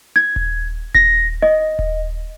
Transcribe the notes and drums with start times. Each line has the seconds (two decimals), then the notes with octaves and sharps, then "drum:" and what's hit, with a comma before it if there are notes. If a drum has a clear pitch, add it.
0.16 G#6
0.36 drum: kick D#1
0.95 A#6, drum: kick D#1
1.42 D#5
1.79 drum: kick D#1